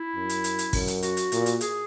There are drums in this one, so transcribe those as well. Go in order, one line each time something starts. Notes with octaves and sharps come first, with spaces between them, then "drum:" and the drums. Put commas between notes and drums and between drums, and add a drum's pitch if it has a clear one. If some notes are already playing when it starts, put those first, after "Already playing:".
Already playing: E4
F#2
drum: hi-hat
drum: hi-hat
drum: hi-hat
F#2, drum: kick, open hi-hat
drum: hi-hat
F#4, drum: hi-hat
drum: hi-hat
A#2, drum: hi-hat
drum: hi-hat
G#4, drum: hi-hat